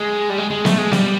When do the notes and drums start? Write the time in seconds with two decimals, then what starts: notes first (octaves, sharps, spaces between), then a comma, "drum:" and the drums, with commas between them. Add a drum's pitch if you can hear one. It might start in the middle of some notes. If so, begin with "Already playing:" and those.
Already playing: G#3
0.29 G3
0.38 G#3
0.50 G#3
0.65 A3, drum: snare B3
0.78 G#3
0.92 G3, drum: snare B3